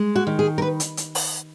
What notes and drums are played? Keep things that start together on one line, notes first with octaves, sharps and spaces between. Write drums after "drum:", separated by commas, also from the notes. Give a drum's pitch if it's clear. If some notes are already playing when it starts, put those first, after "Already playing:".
Already playing: G#3
F#4
D#3
G#4
A#4
B4
drum: hi-hat
drum: hi-hat
drum: open hi-hat